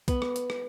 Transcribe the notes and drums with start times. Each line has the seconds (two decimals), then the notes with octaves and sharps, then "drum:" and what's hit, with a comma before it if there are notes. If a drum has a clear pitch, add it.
0.08 B3, drum: kick B1, hi-hat
0.22 drum: rim click
0.36 drum: hi-hat
0.50 drum: rim click